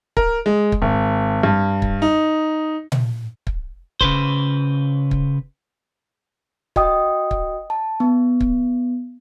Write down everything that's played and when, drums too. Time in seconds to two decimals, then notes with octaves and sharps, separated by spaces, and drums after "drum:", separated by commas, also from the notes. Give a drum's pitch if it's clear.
0.17 A#4, drum: kick
0.46 G#3
0.72 drum: kick
0.82 G#1
1.43 G2
1.82 drum: kick
2.02 D#4
2.92 drum: tom A#2
3.47 drum: kick
4.01 C#3 B4 C5, drum: kick
5.11 drum: kick
6.76 F#4 D#5 G5 D#6, drum: kick
7.31 drum: kick
7.70 A5
8.00 B3
8.41 drum: kick